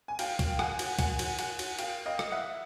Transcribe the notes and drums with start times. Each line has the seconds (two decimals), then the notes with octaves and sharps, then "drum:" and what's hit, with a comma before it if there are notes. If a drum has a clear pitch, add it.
0.08 G#5
0.19 F5 G5, drum: cymbal
0.39 drum: kick, cymbal
0.59 F#5 G#5, drum: rim click
0.79 drum: cymbal
0.99 F#5 G#5, drum: kick, cymbal
1.19 drum: cymbal
1.39 F#5 G#5, drum: cymbal
1.59 drum: cymbal
1.79 F5 G5, drum: cymbal
2.06 D#5 F5
2.19 drum: rim click
2.32 E5 F#5